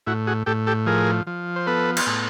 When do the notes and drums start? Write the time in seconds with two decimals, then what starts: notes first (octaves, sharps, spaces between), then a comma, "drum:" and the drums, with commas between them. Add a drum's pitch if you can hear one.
0.07 A2 E4 F#4
0.27 F#4 G#4
0.46 A2 G4 A4
0.67 G4 A4
0.86 F3 G#4 A#4
1.27 F3
1.56 C5
1.67 B3 A4 B4
1.97 drum: cymbal
2.07 A2